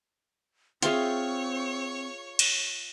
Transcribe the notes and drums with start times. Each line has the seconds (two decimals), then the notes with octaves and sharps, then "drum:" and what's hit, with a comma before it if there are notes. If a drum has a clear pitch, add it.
0.82 C4 F4 G#4 C#5 E5 G5 C#6, drum: hi-hat
2.39 drum: cymbal